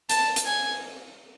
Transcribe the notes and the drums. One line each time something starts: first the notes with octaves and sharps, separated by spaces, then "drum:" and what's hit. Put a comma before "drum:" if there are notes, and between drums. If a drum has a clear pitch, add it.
A5, drum: hi-hat
drum: hi-hat
G#5